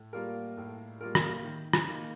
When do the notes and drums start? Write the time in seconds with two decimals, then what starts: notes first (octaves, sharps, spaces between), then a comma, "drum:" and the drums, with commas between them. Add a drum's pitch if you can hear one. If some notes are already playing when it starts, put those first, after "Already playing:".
Already playing: A2
0.13 G3 A#3 F4 A#4
0.57 A2
1.01 G3 A#3 F4 A#4
1.15 drum: rim click
1.44 D#3
1.73 drum: rim click
1.88 A#3 D#4